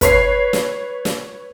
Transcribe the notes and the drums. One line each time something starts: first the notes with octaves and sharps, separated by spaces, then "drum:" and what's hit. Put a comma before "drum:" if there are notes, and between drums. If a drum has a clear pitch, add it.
B4 C#5 C7, drum: kick, hi-hat
drum: snare
drum: snare